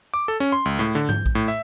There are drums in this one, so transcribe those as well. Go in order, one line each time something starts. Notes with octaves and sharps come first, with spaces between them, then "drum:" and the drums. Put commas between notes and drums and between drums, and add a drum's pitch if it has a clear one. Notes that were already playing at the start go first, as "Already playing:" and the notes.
D6
A4
C#4, drum: hi-hat
C6
C#2
A2
D3
G6, drum: tom G#2
drum: kick A#1
A2
E5